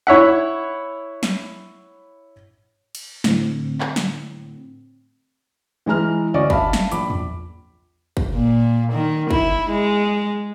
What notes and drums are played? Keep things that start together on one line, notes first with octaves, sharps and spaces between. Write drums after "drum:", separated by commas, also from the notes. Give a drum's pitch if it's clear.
E4 C#5 E5 F#5
drum: snare
drum: cymbal
A2 D3 C4, drum: snare
drum: clap
drum: snare
E3 G#3 E4 A#5 F6
D2 C#4 D5 D#5 C#6 D6
E5 F5 A5 B5, drum: kick
drum: snare
A#1 B5 D6, drum: hi-hat
drum: tom E2
drum: kick
A#2
D#3
E4, drum: kick
G#3